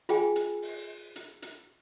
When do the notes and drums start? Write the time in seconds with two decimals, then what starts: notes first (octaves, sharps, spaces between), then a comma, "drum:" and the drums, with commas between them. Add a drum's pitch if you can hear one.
0.09 F4 G#4 G5 G#5, drum: hi-hat
0.36 drum: hi-hat
0.62 drum: open hi-hat
1.16 drum: hi-hat
1.42 drum: hi-hat